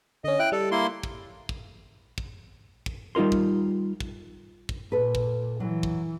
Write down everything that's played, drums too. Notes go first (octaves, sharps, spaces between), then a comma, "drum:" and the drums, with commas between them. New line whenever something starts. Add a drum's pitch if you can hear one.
D3 C#4 D#5
E4 G5 F#6
G3 A4
A#3 E4 C6
drum: kick
drum: kick
drum: kick
drum: kick
G3 D#4 F4 A#4 C6
drum: kick
drum: kick
drum: kick
A#2 A4 B4
drum: kick
E3 F#3
drum: kick